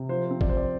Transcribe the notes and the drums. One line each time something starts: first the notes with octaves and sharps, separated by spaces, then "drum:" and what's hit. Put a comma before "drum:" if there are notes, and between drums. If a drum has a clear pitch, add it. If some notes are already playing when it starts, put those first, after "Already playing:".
Already playing: C3
F3 C5
C5
C4
D5, drum: kick
F3 C5
D5